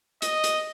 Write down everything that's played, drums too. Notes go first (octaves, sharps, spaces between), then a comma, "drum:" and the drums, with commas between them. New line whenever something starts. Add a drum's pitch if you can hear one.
D#5, drum: hi-hat
drum: hi-hat